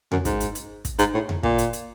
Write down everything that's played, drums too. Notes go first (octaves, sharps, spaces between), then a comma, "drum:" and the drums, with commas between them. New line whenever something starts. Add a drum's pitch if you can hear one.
F#2, drum: tom E2
G#2, drum: kick, hi-hat
drum: hi-hat
drum: hi-hat
drum: kick, hi-hat
G#2, drum: hi-hat
A2
drum: tom E2
A#2, drum: kick
drum: hi-hat
drum: hi-hat